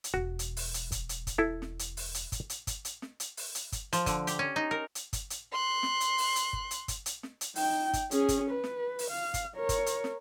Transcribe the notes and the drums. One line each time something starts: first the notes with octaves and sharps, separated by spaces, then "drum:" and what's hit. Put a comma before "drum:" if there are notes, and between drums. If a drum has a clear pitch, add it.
drum: hi-hat
E1 F#4
drum: hi-hat
drum: open hi-hat
drum: hi-hat
drum: kick G1, hi-hat
drum: hi-hat
drum: kick G1, hi-hat
E4 A4
drum: snare
drum: hi-hat
drum: open hi-hat
drum: hi-hat
drum: kick G1, hi-hat
drum: hi-hat
drum: kick G1, hi-hat
drum: hi-hat
drum: snare
drum: hi-hat
drum: open hi-hat
drum: hi-hat
drum: kick G1, hi-hat
F3, drum: hi-hat
D3, drum: kick G1, hi-hat
G4, drum: hi-hat
C#4
D#4
A#4
drum: hi-hat
drum: kick G1, hi-hat
drum: hi-hat
C6 F#6
drum: snare
drum: hi-hat
drum: open hi-hat
drum: hi-hat
drum: kick G1
drum: hi-hat
drum: kick G1, hi-hat
drum: hi-hat
drum: snare
drum: hi-hat
D#4 G5, drum: open hi-hat
drum: kick G1, hi-hat
C#4 G#4, drum: hi-hat
drum: kick G1, hi-hat
B4
drum: snare
drum: open hi-hat
F5
drum: kick G1, hi-hat
A#4 C#5
drum: kick G1, hi-hat
drum: hi-hat
drum: snare